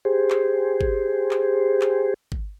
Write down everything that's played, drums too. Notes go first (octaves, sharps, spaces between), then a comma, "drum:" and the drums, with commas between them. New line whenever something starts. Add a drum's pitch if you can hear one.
G4 G#4 C5
drum: clap
drum: kick
drum: clap
drum: clap
drum: kick